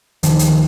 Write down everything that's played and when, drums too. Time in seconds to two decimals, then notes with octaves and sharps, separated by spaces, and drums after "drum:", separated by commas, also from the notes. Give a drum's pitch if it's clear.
0.23 D2 D#3 F3, drum: hi-hat
0.39 drum: hi-hat